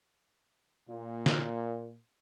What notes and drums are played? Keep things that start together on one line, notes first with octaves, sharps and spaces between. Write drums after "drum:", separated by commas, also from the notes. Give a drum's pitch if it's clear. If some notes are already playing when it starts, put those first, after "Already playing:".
A#2
drum: snare